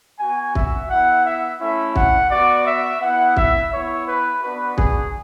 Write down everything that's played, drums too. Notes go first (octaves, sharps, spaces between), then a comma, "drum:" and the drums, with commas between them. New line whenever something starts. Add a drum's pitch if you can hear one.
B3 F#4 G#5
E5, drum: kick
B3 E4 F#5
E5
A3 C#4 E4 E5
F#5, drum: kick
B3 F#4 D5
E5
B3 E4 F#5
E5, drum: kick
B3 E4 C#5
B4
B3 D4 F#4 B4
G#4, drum: kick